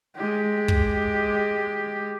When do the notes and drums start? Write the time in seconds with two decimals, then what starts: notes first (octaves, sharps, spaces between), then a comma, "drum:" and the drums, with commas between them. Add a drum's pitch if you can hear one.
0.16 G#3 G4
0.68 drum: kick